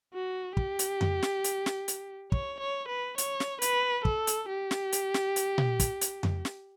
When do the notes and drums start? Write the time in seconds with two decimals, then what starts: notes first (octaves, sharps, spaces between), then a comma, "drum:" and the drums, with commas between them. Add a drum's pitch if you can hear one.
0.14 F#4
0.57 G4, drum: kick
0.79 drum: hi-hat
1.01 drum: tom F2
1.23 drum: snare
1.44 drum: hi-hat
1.66 drum: snare
1.88 drum: hi-hat
2.32 C#5, drum: kick
2.61 C#5
2.89 B4
3.18 C#5, drum: hi-hat
3.40 drum: snare
3.62 B4, drum: hi-hat
4.05 A4, drum: kick
4.27 drum: hi-hat
4.49 G4
4.71 drum: snare
4.92 drum: hi-hat
5.14 drum: snare
5.36 drum: hi-hat
5.58 drum: tom A#2
5.80 drum: kick, hi-hat
6.01 drum: hi-hat
6.23 drum: tom F2
6.45 drum: snare